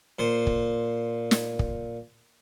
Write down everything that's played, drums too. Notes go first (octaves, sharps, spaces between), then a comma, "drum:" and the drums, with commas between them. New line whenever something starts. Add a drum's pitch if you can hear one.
A#2 C5
drum: kick
drum: snare
drum: kick